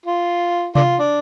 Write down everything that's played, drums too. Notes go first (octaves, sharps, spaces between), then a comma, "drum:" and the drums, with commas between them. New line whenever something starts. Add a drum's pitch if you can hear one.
F4
D4 F4, drum: tom C3
D4